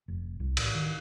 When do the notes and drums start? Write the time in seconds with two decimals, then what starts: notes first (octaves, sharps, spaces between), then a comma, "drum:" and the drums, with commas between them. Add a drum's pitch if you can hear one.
0.08 F1
0.40 C2
0.57 A1, drum: cymbal
0.75 D#3